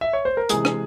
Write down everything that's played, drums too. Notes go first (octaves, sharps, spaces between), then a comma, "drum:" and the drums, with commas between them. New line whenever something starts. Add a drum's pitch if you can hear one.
E5
C#5
C5
A#4
C3 E3 G#3 G#4, drum: hi-hat
drum: rim click